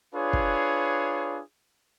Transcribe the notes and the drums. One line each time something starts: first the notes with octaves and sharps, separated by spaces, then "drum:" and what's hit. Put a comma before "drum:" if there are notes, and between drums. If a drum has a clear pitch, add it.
D4 F4 G#4 B4 C#5
drum: kick